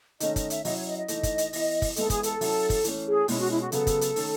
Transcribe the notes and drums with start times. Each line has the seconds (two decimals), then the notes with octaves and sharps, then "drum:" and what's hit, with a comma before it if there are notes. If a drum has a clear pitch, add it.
0.20 D#3 A3 C#4 D#5, drum: hi-hat
0.36 D#5, drum: kick, hi-hat
0.50 E5, drum: hi-hat
0.65 F#3 C#4 E4 D#5, drum: open hi-hat
0.76 C#5
0.86 D#5
0.97 D#5
1.08 E3 A3 D#4, drum: hi-hat
1.23 drum: kick, hi-hat
1.38 drum: hi-hat
1.53 E3 B3 E4, drum: open hi-hat
1.82 drum: kick, open hi-hat
1.96 E3 G#3 B3 E4 A4, drum: hi-hat
2.10 G#4, drum: kick, hi-hat
2.23 A4, drum: hi-hat
2.41 F#3 C#4 E4, drum: open hi-hat
2.70 drum: kick, open hi-hat
2.84 E3 A3 C#4, drum: hi-hat
3.06 G#4
3.28 B2 G#3 C#4 E4, drum: open hi-hat
3.39 F#4
3.51 E4
3.61 F#4
3.72 C#3 F#3 B3 A4, drum: hi-hat
3.87 drum: kick, hi-hat
4.01 drum: hi-hat
4.16 D#3 A3 C#4, drum: open hi-hat